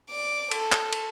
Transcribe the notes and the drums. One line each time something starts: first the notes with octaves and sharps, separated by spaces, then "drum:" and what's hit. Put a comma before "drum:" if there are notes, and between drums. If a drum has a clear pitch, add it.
D5 D6
A4, drum: cymbal
drum: clap
drum: cymbal